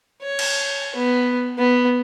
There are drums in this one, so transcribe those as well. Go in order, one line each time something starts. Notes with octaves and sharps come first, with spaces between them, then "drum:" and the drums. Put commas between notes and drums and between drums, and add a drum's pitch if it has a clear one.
C#5
drum: cymbal
B3
B3